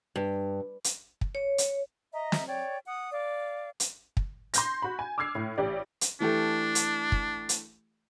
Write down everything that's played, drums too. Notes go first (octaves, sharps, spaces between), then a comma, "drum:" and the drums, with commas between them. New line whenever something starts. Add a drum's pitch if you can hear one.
G2
drum: hi-hat
drum: kick
C#5
drum: hi-hat
D#5 E5 A#5
drum: snare
C#5 D5 G5
F#5 D#6
D5 F5
drum: hi-hat
drum: kick
C6 G6 A#6, drum: hi-hat
F#4 B5
G#5
D6 E6 F6 G#6 C7
A2
A1 G4 D5
drum: hi-hat
E3 A3 D4 G4
drum: hi-hat
drum: kick
drum: hi-hat